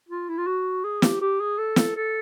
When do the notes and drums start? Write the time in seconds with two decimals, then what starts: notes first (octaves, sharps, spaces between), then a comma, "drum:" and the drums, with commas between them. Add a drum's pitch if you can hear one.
0.09 F4
0.29 E4
0.38 F4
0.47 F#4
0.84 G#4
1.02 G4, drum: snare
1.21 G4
1.40 G#4
1.59 A4
1.76 drum: snare
1.96 A4